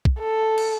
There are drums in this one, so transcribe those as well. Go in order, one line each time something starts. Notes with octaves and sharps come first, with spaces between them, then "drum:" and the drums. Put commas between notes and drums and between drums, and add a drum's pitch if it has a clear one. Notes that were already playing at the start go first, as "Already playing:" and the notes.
drum: kick
A4
drum: cymbal